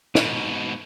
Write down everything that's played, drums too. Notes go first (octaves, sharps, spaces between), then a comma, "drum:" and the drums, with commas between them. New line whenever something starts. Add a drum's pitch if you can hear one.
G#2 B2, drum: snare